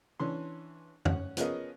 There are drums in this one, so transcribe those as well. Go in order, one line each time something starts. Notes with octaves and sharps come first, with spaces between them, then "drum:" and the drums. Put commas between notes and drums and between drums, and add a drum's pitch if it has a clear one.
E3 C#4 D4 C6
C#4 F#5, drum: tom
F3 B3 C#4 G#4 A#4 D#5, drum: hi-hat